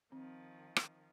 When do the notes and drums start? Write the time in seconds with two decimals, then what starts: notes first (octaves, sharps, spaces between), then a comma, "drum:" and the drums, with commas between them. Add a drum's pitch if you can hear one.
0.12 D#3 F3 C4
0.76 drum: rim click